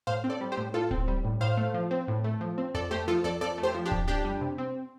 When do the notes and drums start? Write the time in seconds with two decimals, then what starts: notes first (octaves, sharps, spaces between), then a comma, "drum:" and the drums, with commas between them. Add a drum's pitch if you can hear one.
0.07 A2 C5 F5
0.24 C4
0.29 A4 D5
0.41 G3
0.52 G4 C5
0.57 A2
0.74 A2 F4 A4
0.91 C4, drum: kick D1
1.08 G3
1.24 A2
1.41 A2 C5 F5
1.57 A3
1.74 F3
1.91 C4
2.08 A2
2.24 A3
2.41 F3
2.58 C4
2.74 F2 A4 D5
2.91 A3 G4 C5
3.08 F3 F4 A4
3.24 F2 A4 D5
3.41 F2 A4 D5
3.58 A3
3.63 G4 C5
3.74 F3
3.85 D4 G4
3.92 F2, drum: kick D1
4.08 F2 D4 G4
4.25 G3
4.41 C3
4.58 C4